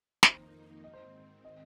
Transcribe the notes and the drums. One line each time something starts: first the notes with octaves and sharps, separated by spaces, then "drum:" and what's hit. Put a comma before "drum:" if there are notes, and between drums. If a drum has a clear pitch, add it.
F2 D#3 A#3 D#4 C5, drum: snare
G#2 D#3 C4 D#5
C5
D#5